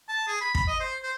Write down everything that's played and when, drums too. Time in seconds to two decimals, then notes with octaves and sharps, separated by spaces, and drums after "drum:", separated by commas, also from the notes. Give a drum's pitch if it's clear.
0.09 A5
0.27 G#4
0.41 B5
0.55 B5, drum: kick
0.68 D#5
0.80 C5
1.03 C5